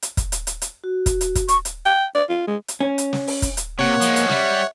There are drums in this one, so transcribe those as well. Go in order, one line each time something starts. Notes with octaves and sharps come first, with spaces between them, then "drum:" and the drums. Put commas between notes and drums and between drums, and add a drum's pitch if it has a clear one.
drum: hi-hat
drum: kick, hi-hat
drum: hi-hat
drum: hi-hat
drum: hi-hat
F#4
drum: kick, hi-hat
drum: hi-hat
drum: kick, hi-hat
C#6, drum: hi-hat
drum: hi-hat
G5
D5
F4
G#3
drum: hi-hat
C#4
drum: hi-hat
drum: snare
drum: open hi-hat
drum: kick, hi-hat
drum: hi-hat
C3 A#3 C#5 F#5
F3 G#3, drum: hi-hat
drum: hi-hat
G3 E5, drum: snare